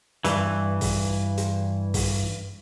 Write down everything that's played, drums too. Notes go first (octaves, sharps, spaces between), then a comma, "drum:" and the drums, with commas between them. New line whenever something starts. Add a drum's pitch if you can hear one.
G2 E3, drum: hi-hat
drum: kick, open hi-hat
drum: hi-hat
drum: kick, open hi-hat